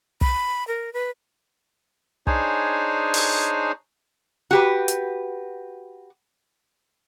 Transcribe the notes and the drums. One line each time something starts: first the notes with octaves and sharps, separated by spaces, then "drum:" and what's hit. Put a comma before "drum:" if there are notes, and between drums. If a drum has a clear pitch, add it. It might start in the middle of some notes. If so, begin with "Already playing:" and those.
B5, drum: kick
A#4
B4
D4 D#4 G#4 C5 C#5 G#5, drum: kick
drum: open hi-hat
F#4 G4 B4
drum: hi-hat